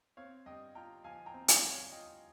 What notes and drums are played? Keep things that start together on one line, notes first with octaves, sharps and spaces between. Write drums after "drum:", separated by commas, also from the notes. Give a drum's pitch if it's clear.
C4 C#5 F5
G2 D#5 G5
F4 G5 A#5
F3 F5 G#5
G5 A#5
C4
F5 G#5, drum: hi-hat
G2
C#5 F5
F4 D#5 G5